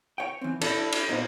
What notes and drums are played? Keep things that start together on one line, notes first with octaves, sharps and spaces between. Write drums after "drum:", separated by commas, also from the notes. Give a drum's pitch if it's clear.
C#5 G5
E3 C4
D4 E4 A4, drum: cymbal
drum: cymbal
A#2 B3 D#4 C5